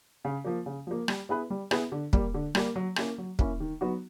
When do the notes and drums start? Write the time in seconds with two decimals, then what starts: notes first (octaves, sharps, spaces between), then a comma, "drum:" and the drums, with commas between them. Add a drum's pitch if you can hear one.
0.25 C#3
0.45 F3 A#3
0.66 C#3
0.87 F3 A#3
1.08 G3, drum: rim click
1.29 B3 E4 G#4 B4
1.50 G3
1.71 B3 E4 G#4 B4, drum: rim click
1.92 D3
2.13 G3 A#3, drum: kick
2.34 D3
2.55 G3 A#3, drum: rim click
2.76 F#3
2.96 A#3 C#4 E4, drum: rim click
3.18 F#3
3.39 A#3 C#4 E4, drum: kick
3.60 D#3
3.81 F#3 B3 D#4 F#4